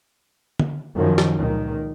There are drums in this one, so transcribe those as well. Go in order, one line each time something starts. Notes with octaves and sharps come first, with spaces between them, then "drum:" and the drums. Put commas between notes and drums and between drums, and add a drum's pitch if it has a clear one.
drum: tom D3
F#2 D#3 F3
drum: snare
C#2 A#2 D#3